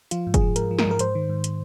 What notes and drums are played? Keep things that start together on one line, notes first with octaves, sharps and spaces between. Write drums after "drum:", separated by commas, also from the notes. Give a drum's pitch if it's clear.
F3 F4, drum: hi-hat
G#2
G#4, drum: kick, hi-hat
F3
G#2 A#4, drum: hi-hat
F3
A#4, drum: snare
G#2
A#4
G#2 C5, drum: hi-hat
D#3
G#2
drum: hi-hat